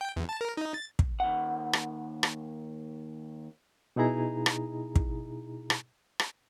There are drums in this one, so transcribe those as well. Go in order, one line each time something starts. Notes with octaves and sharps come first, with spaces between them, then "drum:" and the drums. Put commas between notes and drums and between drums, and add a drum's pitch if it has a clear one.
G5
E2
A5
A#4
D#4
A6
drum: kick
D#2 F#5
drum: rim click
drum: rim click
B2 D#4 E4 G#4 A#5
drum: rim click
drum: kick
drum: rim click
drum: rim click